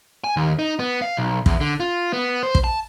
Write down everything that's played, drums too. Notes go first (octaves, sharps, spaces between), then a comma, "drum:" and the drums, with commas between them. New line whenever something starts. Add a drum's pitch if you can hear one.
G#5
D#2
D#4
B3
F5
B1
E2, drum: kick
D3
F4
B3
C5
drum: kick
A5